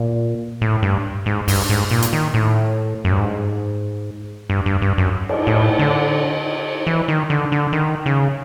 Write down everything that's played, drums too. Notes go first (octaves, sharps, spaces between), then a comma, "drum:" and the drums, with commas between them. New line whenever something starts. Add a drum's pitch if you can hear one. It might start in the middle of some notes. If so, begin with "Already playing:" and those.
Already playing: A#2
A2
G2
G#2
G2, drum: open hi-hat
G#2
A#2
drum: hi-hat
D#3
A2
F#2
G2
G#2
G2
G2
G2
F#2
drum: cymbal
A2
D3
E3
D#3
D3
D3
D#3
C#3